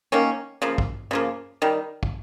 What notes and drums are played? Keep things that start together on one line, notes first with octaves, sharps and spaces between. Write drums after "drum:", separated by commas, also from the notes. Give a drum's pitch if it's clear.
D#3 A#3 C#4
C#3 F3 A#3
drum: kick
C#3 F3 A#3
D#3 G3
drum: kick